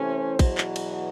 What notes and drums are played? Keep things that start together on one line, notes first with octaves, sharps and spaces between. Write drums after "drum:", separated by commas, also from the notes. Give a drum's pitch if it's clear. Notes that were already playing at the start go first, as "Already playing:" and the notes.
Already playing: C3 E3 A3 C#4 C5
E2 B2 F#3, drum: kick, cymbal
drum: clap
drum: cymbal